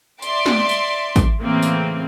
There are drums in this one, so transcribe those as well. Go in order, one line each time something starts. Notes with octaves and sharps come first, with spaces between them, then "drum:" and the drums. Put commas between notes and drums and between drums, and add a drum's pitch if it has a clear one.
D5 E5 C6 D6, drum: tambourine
drum: snare
drum: tambourine
drum: kick, tambourine
A2 C#3 E3 A#3 C4
drum: tambourine